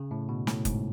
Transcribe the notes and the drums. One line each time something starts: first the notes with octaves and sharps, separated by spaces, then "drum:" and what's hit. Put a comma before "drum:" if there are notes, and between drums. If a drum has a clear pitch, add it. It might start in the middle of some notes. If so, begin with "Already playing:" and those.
Already playing: C#3
A2
B2
A2, drum: snare
G#2, drum: kick F#1, hi-hat